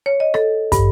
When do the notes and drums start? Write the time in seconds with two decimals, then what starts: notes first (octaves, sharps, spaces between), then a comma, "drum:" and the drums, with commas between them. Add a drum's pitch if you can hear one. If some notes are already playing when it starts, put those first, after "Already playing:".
0.06 C#5
0.20 D#5
0.34 A4, drum: rim click
0.72 G2, drum: kick, hi-hat